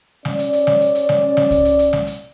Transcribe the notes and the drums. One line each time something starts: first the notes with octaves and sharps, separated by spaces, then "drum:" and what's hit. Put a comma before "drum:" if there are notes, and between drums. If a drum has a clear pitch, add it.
C#4 D5, drum: snare
drum: hi-hat
drum: hi-hat
drum: snare
drum: hi-hat
drum: hi-hat
drum: snare
drum: snare
drum: kick C2, hi-hat
drum: hi-hat
drum: hi-hat
drum: snare
drum: hi-hat